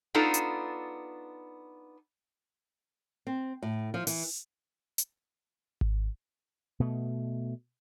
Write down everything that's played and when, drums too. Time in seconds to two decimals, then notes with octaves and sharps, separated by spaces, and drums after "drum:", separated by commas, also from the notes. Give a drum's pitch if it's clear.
0.15 B3 D4 D#4 F4 A4
0.34 drum: hi-hat
3.27 C4
3.63 A2
3.94 F3
4.07 E3, drum: open hi-hat
4.98 drum: hi-hat
5.81 drum: kick G#1
6.80 B2 A3